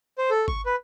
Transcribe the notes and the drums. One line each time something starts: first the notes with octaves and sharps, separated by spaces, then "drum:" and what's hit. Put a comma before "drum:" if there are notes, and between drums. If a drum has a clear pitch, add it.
C5
A4
C#6, drum: kick G#1
B4